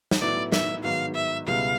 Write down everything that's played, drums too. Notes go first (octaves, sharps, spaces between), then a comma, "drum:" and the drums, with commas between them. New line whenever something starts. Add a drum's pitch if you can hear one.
drum: snare
A2 F#3 B3 E4 D5
E5, drum: snare
G#2 D#3 F#3 B3 F5
E5
C#2 B2 G3 B3 E4 F5